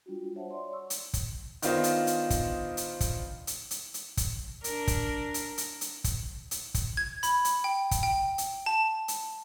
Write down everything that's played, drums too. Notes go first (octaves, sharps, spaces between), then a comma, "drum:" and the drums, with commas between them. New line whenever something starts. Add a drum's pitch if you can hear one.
G3 D4 F4 F#4
C5 C#5 E5 F#5 A5
C#5 D5 C6
C#5 C#6 E6
drum: hi-hat
drum: kick, hi-hat
D#3 B3 D4 F4 C5 D#5, drum: hi-hat
drum: hi-hat
drum: hi-hat
drum: kick, hi-hat
drum: hi-hat
drum: kick, hi-hat
drum: hi-hat
drum: hi-hat
drum: hi-hat
drum: kick, hi-hat
D4 A#4, drum: hi-hat
drum: kick, hi-hat
drum: hi-hat
drum: hi-hat
drum: hi-hat
drum: kick, hi-hat
drum: hi-hat
drum: kick, hi-hat
G#6
B5, drum: hi-hat
drum: hi-hat
G5
drum: kick, hi-hat
G5
drum: hi-hat
A5
drum: hi-hat